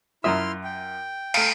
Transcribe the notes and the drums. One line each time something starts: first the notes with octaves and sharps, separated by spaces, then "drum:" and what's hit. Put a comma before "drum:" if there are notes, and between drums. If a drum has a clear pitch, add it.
F#2 E4 F4 E5 A#5 C6 D#6 F6
G5
A3 F5, drum: cymbal